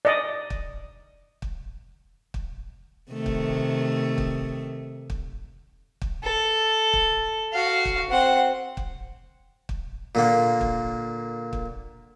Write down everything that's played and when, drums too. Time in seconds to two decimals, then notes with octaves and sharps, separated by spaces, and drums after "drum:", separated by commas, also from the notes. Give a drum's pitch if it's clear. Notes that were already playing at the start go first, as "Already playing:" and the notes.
0.05 D5 D#5
0.50 drum: kick
1.42 drum: kick
2.34 drum: kick
3.11 C3 D#3 A3
3.26 drum: kick
4.18 drum: kick
5.10 drum: kick
6.01 drum: kick
6.23 A4
6.93 drum: kick
7.53 F#4 F5
7.85 drum: kick
8.10 C4 F#5
8.77 drum: kick
9.69 drum: kick
10.15 A#2 D3 A#3
10.61 drum: kick
11.53 drum: kick